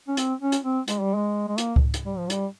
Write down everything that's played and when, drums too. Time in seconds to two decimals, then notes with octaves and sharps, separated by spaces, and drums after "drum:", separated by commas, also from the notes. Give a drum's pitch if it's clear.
0.08 C#4
0.17 C4, drum: hi-hat
0.41 C#4
0.52 drum: hi-hat
0.63 C4
0.88 G#3, drum: hi-hat
1.01 G3
1.15 G#3
1.48 G#3
1.58 A#3, drum: hi-hat
1.76 drum: kick C#2
1.94 drum: hi-hat
2.05 G3
2.17 F3
2.30 G3, drum: hi-hat